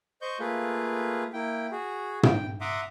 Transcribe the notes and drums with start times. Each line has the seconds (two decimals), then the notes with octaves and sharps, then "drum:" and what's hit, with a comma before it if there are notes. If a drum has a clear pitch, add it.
0.22 C5 D#5 C#6 G6
0.39 A3 A#3 F4 G#4 B4
1.33 A#3 E4 G5
1.71 F#4 G#4
2.23 G5, drum: tom
2.61 E5 F#5 A#5 C6 D6 D#6